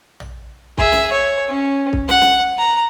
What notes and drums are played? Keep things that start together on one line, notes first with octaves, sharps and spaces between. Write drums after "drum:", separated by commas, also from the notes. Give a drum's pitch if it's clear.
drum: tom A#1
G#4 E5, drum: kick C2
drum: snare
C#5
C#4
drum: kick C2
F#5, drum: snare
drum: snare
A#5